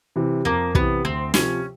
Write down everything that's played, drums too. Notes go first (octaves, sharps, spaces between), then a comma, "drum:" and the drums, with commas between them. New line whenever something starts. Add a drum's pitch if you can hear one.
C3 E3
F2 A#3
C3 E3 B3, drum: kick
D2 C4
C3 F3 C#4, drum: snare